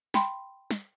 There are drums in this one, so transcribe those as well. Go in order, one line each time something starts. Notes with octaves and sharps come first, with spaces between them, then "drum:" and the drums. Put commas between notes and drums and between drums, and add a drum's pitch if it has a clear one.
G5 B5 C6, drum: snare
drum: snare